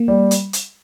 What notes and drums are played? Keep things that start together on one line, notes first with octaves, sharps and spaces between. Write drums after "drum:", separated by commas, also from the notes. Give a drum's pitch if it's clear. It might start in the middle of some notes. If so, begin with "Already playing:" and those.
Already playing: A#3
G3
drum: hi-hat
drum: hi-hat